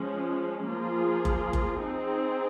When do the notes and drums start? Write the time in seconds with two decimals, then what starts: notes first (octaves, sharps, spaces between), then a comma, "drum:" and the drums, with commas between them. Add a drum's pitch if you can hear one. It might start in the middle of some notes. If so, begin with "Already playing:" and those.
Already playing: F3 G#3 C#4
0.68 F3 A#3 F4 G#4
1.25 drum: kick F#1
1.53 drum: kick F#1
1.81 C4 D#4 G#4